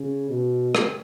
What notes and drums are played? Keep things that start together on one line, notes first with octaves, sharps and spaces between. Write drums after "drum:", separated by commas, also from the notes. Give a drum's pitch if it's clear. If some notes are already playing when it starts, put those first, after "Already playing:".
Already playing: C#3
B2
drum: rim click